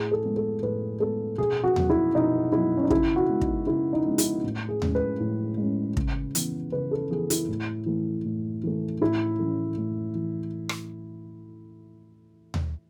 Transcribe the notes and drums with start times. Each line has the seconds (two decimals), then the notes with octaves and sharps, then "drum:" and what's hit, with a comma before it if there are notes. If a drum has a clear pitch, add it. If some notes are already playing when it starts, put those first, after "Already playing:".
Already playing: A2 G#4
0.11 A4
0.25 G#3 B3
0.37 A4
0.62 A2 B4
1.00 G#3 B3 A4
1.38 B2 G#4
1.64 F#4
1.76 F#3 B3, drum: tom D#2
1.90 E4
2.15 B2 D#4
2.52 F#3 B3 E4
2.77 C#4
2.84 D#4
2.90 C#3 E4, drum: kick
3.16 F#4
3.29 G#3 B3
3.41 D#4, drum: kick
3.67 C#3 E4
3.93 D#4
4.06 G#3 B3
4.18 E4, drum: hi-hat
4.44 A2
4.69 G#4
4.82 G#3 C#4, drum: tom D#2
4.95 B4
5.20 A2
5.57 G#3
5.62 C#4
5.97 C#3, drum: kick
6.35 E3 B3, drum: hi-hat
6.72 C#3 B4
6.91 A4
7.10 E3 B3 G#4
7.30 E4, drum: hi-hat
7.48 A2
7.86 E3 A3
8.25 A2
8.64 E3 A3
9.01 A2 E4
9.39 E3 A3 C#4
9.78 A2
10.15 E3
10.69 drum: rim click
12.54 drum: tom D#2